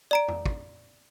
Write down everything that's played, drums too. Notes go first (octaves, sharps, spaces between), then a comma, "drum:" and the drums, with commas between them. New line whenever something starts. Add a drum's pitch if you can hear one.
D5 A#5 D7
drum: tom F2
drum: kick